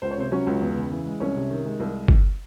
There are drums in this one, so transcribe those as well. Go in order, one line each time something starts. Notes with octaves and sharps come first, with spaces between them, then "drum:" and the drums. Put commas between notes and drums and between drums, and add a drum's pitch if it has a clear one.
C#2 C5
C#5
C3 C4 C5
F#3 C#4 C#5
C#2
E2
C#3
E3
G#3
C2 C#4 C#5
C3
D#3
G#3
C2
drum: kick